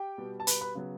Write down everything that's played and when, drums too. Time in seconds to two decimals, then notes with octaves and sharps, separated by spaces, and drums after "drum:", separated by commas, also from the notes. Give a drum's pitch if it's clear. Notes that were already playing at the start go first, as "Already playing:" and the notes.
Already playing: G4 G5
0.18 B2 G3 B3
0.40 A5
0.47 B4 B5, drum: hi-hat
0.61 B4 B5
0.75 C#3 F#3 B3